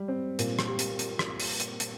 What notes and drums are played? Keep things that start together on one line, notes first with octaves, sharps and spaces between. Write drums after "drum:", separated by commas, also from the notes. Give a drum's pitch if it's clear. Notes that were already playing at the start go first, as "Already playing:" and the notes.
Already playing: G3
C4
A#2, drum: hi-hat
drum: rim click
G4
drum: hi-hat
drum: hi-hat
drum: rim click
drum: open hi-hat
drum: hi-hat
drum: hi-hat